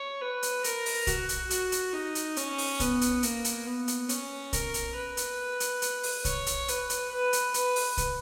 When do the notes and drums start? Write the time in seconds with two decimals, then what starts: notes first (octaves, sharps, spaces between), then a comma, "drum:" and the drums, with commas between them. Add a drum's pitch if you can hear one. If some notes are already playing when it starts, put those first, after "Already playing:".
Already playing: C#5
0.21 B4
0.43 drum: hi-hat
0.64 A#4, drum: hi-hat
0.86 drum: open hi-hat
1.07 F#4, drum: kick, hi-hat
1.29 drum: hi-hat
1.50 F#4, drum: hi-hat
1.72 drum: hi-hat
1.93 D#4
2.15 drum: hi-hat
2.36 C#4, drum: hi-hat
2.58 drum: open hi-hat
2.80 B3, drum: kick, hi-hat
3.01 drum: hi-hat
3.23 A#3, drum: hi-hat
3.45 drum: hi-hat
3.66 B3
3.88 drum: hi-hat
4.09 C#4, drum: hi-hat
4.53 A#4, drum: kick, hi-hat
4.74 drum: hi-hat
4.96 B4
5.17 drum: hi-hat
5.60 drum: hi-hat
5.82 drum: hi-hat
6.03 drum: open hi-hat
6.25 C#5, drum: kick, hi-hat
6.46 drum: hi-hat
6.68 B4, drum: hi-hat
6.90 drum: hi-hat
7.11 B4
7.33 drum: hi-hat
7.54 B4, drum: hi-hat
7.76 drum: open hi-hat
7.97 drum: kick, hi-hat